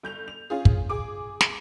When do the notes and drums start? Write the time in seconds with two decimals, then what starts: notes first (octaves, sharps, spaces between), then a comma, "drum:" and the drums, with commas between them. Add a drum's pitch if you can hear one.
0.03 G1 G6 F7
0.28 F7
0.50 C#4 F4 G#4
0.65 drum: kick
0.89 G#4 D6
1.41 drum: snare